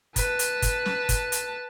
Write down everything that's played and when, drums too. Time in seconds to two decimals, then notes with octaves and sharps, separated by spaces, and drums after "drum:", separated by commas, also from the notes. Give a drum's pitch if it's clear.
0.16 B4 A5, drum: kick, hi-hat
0.39 drum: hi-hat
0.62 drum: kick, hi-hat
0.86 drum: snare
1.09 drum: kick, hi-hat
1.32 drum: hi-hat